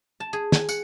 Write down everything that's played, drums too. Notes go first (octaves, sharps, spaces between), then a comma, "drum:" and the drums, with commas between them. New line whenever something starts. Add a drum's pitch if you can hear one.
A5
G#4
G#5, drum: snare
F#5, drum: tambourine